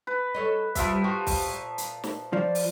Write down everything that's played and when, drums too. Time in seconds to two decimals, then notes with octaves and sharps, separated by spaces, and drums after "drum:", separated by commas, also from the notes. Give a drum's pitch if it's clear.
0.07 B4
0.35 A4 C#5 D#5
0.75 C3 F3 G3 A4 E5, drum: kick, hi-hat
1.04 F#4 G4 C5 C#6
1.27 drum: kick, open hi-hat
1.47 A#2
1.78 drum: hi-hat
2.04 drum: snare
2.33 F3 D5
2.55 drum: open hi-hat